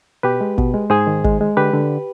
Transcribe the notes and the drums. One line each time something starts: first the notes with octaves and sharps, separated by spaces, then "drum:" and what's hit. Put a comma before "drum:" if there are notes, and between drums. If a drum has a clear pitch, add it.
B2 G4 B4
G#3
B2, drum: kick
G#3
G#2 G#4 C5
D#3
G#3, drum: kick
G#3
D3 G4 B4
D3